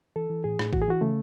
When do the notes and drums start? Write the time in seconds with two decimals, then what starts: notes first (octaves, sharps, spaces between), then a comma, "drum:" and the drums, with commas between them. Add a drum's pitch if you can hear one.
0.16 E3 A4
0.30 E3
0.44 A2 G#4
0.59 A2, drum: rim click
0.73 E3 F#4, drum: kick
0.82 G#4
0.88 E3 F#4
1.01 C#3 A3